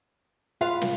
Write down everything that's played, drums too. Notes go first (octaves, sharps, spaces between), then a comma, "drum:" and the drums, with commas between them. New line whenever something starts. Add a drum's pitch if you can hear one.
F4 B4 F5
drum: snare